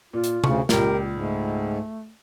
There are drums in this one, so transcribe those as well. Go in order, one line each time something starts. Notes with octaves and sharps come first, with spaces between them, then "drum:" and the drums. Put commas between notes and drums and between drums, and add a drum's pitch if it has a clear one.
A#2 F4
drum: hi-hat
D2 C#3 C#6, drum: tom C3
C#2 A#2 G4 A#4, drum: snare
G#2 A3